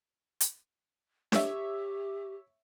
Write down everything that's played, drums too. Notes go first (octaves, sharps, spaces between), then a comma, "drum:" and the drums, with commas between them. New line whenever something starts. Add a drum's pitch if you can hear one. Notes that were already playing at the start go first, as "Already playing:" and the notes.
drum: hi-hat
G4 C#5 E5, drum: snare D4